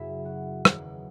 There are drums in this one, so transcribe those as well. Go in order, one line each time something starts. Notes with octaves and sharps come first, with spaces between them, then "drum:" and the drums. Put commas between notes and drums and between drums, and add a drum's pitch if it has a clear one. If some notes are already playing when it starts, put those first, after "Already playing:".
Already playing: F#1 F#2 C#3 F#3 E4 E5
F#4 F#5
F#1 E2 D#3 F#3, drum: rim click